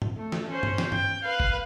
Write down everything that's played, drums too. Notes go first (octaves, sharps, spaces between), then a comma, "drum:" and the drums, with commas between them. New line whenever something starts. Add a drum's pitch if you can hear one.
drum: tom G#2
A3
drum: snare
C#4 C5
drum: tom G2
drum: snare
G5, drum: tom G2
B4 F5
drum: kick F#1